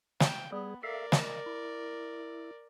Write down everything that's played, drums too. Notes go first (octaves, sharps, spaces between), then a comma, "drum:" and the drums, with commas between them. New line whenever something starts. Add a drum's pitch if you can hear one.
G5, drum: snare
G3 B3 G#4
A4 A#4 D5 E5 F5
D#5, drum: snare
E4